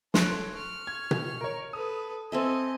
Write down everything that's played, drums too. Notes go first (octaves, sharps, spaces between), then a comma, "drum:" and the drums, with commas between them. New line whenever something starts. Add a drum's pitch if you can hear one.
A4 C#5 C6 F#6 D7, drum: snare
C#6 F6
G#6
drum: tom B2
A#4 C#5
A4 B4 D#6
C4 A4 D#5 E5 G#5